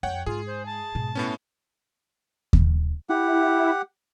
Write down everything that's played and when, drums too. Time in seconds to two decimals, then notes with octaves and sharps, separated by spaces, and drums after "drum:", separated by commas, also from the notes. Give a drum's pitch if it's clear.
0.03 F2 C#5 F#5 G5
0.26 G#2 F4 G#4
0.47 C5
0.66 A5
0.95 G#2 B2
1.15 A2 B3 C#4
2.53 drum: kick D#2
3.09 E4 G4 F#5